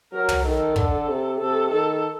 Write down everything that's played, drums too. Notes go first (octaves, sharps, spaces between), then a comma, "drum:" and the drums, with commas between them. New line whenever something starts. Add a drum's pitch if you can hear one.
F#3 A#4
drum: tom
D#3 A4
D3, drum: kick
C3
C3 A4
D#3 A4